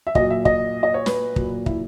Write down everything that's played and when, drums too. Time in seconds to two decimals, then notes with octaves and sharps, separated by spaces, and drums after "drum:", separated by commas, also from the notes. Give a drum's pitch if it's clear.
0.07 E5
0.15 A#2 F#3 D#5, drum: kick
0.30 E5
0.45 D#5, drum: kick
0.83 D#5
0.94 C#5
1.06 B4, drum: snare
1.36 A#2 F#3, drum: kick
1.66 E4, drum: kick